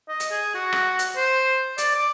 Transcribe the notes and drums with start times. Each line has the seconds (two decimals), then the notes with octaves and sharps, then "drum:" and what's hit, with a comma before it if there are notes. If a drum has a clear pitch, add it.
0.09 D#5
0.20 drum: hi-hat
0.31 G#4
0.54 F#4
0.72 drum: rim click
0.99 drum: hi-hat
1.16 C5
1.78 D5, drum: hi-hat
1.95 D6